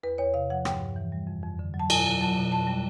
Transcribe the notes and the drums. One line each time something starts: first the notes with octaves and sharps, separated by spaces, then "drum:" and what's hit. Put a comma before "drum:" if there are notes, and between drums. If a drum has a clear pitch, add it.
E2 B4
E2 C#5
C3 F5
F3 F#5
G2 G5, drum: rim click
G2
E3
G3
F2
F2
D3
F#3
A5
B2 G#5, drum: cymbal
F#3
F#3 A5
B2
F2 A5
G3